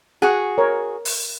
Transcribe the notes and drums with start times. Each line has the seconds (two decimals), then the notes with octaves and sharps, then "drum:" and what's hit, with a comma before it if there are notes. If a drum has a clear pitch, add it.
0.22 F#4 G#4 F#5
0.58 A#4 C#5
1.05 drum: open hi-hat